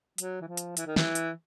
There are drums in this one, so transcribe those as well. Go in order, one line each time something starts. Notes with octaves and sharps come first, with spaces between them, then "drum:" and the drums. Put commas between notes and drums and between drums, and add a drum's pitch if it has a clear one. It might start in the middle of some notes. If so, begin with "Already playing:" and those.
F#3, drum: hi-hat
E3
F3
drum: hi-hat
E3, drum: hi-hat
D#3
E3, drum: snare
drum: hi-hat